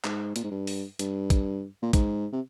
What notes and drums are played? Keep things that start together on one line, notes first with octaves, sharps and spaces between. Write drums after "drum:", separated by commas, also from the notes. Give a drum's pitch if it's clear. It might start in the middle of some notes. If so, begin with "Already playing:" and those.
G#2, drum: clap
A#2, drum: hi-hat
G#2
G2
drum: open hi-hat
G2, drum: hi-hat
drum: kick, hi-hat
A#2
G#2, drum: kick, hi-hat
C3